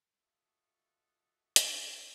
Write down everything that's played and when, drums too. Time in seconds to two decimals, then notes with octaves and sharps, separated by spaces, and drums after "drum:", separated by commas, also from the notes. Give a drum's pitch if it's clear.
0.17 F4 F#4 A4 D#5 E5
1.56 drum: hi-hat